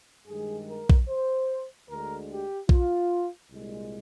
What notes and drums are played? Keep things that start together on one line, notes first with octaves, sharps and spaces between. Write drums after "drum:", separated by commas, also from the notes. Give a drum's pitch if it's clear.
G2 D#3 G#3 G#4
A#4
drum: kick A#1
C5
D2 D3 G#3 A#4
G4
F4, drum: kick A#1
C2 A#2 G#3